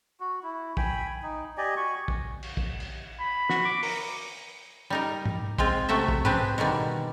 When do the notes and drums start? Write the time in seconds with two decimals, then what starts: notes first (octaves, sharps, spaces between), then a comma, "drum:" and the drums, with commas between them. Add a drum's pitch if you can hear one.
0.20 F#4
0.43 E4
0.77 G5 G#5 B5, drum: kick
1.23 D#4
1.58 G4 D5 D#5 G#5
1.77 F#4 G#5 C#6
2.08 drum: kick
2.43 drum: cymbal
2.57 drum: kick
2.80 drum: cymbal
3.20 B5
3.49 F#4, drum: snare
3.65 D6
3.83 A#4, drum: open hi-hat
4.90 G3 D#4 A#4
5.25 drum: tom G#2
5.58 G#3 C4 F4, drum: kick
5.89 C3 A3 F#4 E5
6.08 drum: kick
6.25 C4 D4 G4 G#4 B4, drum: tom G#2
6.58 B2 D3 D#3 G3